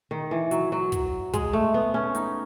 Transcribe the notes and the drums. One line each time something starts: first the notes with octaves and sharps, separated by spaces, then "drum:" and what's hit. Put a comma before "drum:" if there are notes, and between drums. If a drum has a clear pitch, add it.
D#3
E3
F#3, drum: hi-hat
F#3
drum: kick, hi-hat
G#3, drum: kick, hi-hat
A3
B3
C#4
D#4, drum: hi-hat